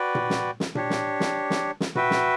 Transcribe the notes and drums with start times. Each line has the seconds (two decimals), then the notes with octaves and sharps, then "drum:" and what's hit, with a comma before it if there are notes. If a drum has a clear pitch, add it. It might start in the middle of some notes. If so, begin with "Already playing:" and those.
Already playing: F#4 B4 D5 G5
0.15 drum: tom A#2
0.30 drum: snare
0.60 drum: snare
0.75 D4 G4 C#5, drum: tom A#2
0.90 drum: snare
1.20 drum: snare
1.50 drum: snare
1.80 drum: snare
1.95 F#4 B4 E5 G5, drum: tom A#2
2.11 drum: snare